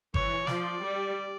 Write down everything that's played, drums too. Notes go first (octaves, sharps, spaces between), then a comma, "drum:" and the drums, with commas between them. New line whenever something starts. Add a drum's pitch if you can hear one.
E3 C#5, drum: kick G1
F3 D5, drum: snare
G3